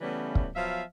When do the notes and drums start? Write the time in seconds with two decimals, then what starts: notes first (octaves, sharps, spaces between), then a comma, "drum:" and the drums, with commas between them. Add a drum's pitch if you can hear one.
0.01 C#3 E3 G3 A3 B3 C#4
0.35 drum: kick
0.55 F3 F#3 B3 E5 F5